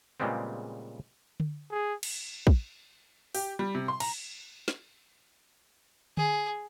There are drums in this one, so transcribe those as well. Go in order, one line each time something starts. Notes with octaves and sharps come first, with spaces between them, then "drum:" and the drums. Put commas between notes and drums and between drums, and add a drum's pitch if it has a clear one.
A#2 C#3 G3 G#3 B3 C4
drum: tom D3
G#4
drum: cymbal
drum: kick
G4, drum: open hi-hat
G3
C3
C6
A#5, drum: cymbal
drum: snare
G#4, drum: tom D3